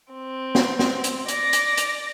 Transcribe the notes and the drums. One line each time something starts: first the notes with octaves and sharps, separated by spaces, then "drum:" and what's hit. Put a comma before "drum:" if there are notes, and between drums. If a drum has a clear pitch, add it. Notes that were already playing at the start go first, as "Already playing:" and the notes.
C4
drum: snare
drum: snare
drum: hi-hat
D5 A#6, drum: hi-hat
drum: hi-hat
drum: hi-hat